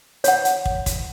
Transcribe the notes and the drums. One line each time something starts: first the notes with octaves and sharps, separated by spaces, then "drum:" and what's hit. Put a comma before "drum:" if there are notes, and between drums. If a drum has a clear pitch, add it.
C#5 F#5, drum: hi-hat
drum: hi-hat
drum: kick
drum: kick, hi-hat